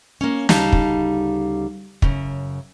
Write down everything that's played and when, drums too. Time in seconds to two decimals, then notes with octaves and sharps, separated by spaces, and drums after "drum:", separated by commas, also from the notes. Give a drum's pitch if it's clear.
0.21 A#3 C#4
0.49 D2 C#3 G3 D#4 F5 A5, drum: snare
0.72 drum: kick
2.02 F#2 C#3, drum: kick